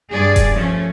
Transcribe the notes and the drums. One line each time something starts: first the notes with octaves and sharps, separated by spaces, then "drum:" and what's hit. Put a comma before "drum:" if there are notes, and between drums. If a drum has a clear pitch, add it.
G2 G#4 D5
drum: kick E1, hi-hat
F3 A3 C#4